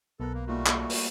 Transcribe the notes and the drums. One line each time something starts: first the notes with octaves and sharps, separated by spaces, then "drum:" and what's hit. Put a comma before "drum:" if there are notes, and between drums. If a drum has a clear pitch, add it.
B1 B3 A4 A#4 F#6
A#3
G3 A3 A#3 D#4 F4 F#4
A#3, drum: clap
drum: open hi-hat